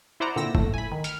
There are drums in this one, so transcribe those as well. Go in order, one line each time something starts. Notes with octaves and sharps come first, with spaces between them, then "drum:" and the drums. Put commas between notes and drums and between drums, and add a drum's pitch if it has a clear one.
E4 C5 D5 F#5 A#5
A#2 D3 C4 E6 A#6
A#1 A2 A3, drum: kick
G#5 B5
D#3
F6, drum: hi-hat